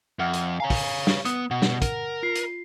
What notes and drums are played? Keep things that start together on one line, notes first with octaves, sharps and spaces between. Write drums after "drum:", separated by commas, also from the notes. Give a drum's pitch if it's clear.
F2 E5 F#5 F6
drum: hi-hat
C#5 F5 G#5 A#5
drum: kick, open hi-hat
drum: snare
B3 D#6, drum: hi-hat
B2 F#5
drum: snare
A#4, drum: kick, hi-hat
F4 C7
drum: hi-hat